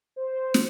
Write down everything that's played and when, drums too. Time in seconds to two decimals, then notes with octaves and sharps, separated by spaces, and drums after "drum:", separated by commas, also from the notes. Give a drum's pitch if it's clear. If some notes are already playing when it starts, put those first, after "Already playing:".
0.16 C5
0.54 drum: snare